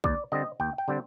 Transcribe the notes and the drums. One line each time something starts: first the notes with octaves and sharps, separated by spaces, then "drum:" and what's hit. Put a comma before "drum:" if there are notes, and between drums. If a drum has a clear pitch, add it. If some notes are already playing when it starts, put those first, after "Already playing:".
D#2 D5, drum: kick A#1
D3 G3 C4 D#5
D#2 G5
G5
D3 G3 C4